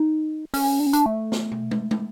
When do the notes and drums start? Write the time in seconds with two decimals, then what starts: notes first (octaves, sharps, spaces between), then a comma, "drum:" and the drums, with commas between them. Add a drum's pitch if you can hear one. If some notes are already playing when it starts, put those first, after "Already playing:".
Already playing: D#4
0.54 C#4, drum: open hi-hat
0.80 D4
0.86 C#4
0.93 D4, drum: hi-hat
1.06 A3
1.32 drum: snare
1.52 drum: tom
1.71 drum: tom
1.91 drum: tom